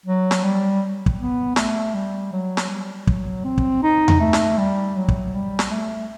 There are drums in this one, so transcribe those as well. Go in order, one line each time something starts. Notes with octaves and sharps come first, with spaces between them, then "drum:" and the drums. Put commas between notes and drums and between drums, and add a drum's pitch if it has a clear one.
F#3
drum: snare
G3
drum: kick
B3
A3, drum: snare
G3
F#3
drum: snare
G3
F#3, drum: kick
C4
drum: kick
D#4
drum: tom E2
A3
drum: snare
G3
F#3
drum: kick
G3
drum: snare
A3